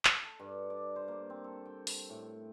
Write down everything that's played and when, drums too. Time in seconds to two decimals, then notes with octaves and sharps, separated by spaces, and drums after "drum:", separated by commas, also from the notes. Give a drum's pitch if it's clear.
0.05 drum: clap
0.23 A4
0.40 G2
0.70 D5
0.96 C5
1.08 A#3
1.30 C4
1.44 A4
1.65 G5
1.87 drum: open hi-hat
2.10 A2